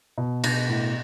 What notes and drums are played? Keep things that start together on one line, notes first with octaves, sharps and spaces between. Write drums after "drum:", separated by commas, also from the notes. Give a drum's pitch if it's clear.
B2
B2, drum: cymbal
A2